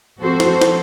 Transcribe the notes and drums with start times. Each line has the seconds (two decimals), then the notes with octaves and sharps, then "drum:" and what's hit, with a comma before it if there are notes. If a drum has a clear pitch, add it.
0.19 F3 C4 F#4 A4 C5
0.40 drum: snare
0.61 drum: snare